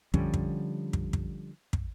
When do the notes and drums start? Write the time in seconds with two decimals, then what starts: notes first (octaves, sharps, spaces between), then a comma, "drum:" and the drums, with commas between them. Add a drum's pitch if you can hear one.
0.14 D3 F3 G3 C#4, drum: kick
0.34 drum: kick
0.93 drum: kick
1.13 drum: kick
1.73 drum: kick